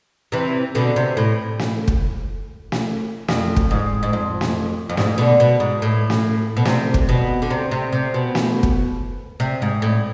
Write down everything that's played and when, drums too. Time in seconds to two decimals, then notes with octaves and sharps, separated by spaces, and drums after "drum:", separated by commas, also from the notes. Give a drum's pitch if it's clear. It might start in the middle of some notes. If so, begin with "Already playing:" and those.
0.32 C3 E3
0.75 B2 D3
0.96 C3
1.17 A2
1.59 drum: snare
1.88 drum: kick
2.72 drum: snare
3.28 F2, drum: snare
3.56 drum: kick
3.71 G#2
4.03 G#2
4.13 F2
4.41 drum: snare
4.89 F2
4.97 G#2, drum: snare
5.18 B2 D3
5.40 B2
5.60 G#2
5.82 A2
6.10 drum: snare
6.57 B2
6.65 C3, drum: snare
6.94 drum: kick
7.09 B2
7.42 D3
7.50 C3
7.71 C3
7.93 C3
8.14 B2
8.35 drum: snare
8.63 drum: kick
9.40 C3
9.62 G#2
9.82 A2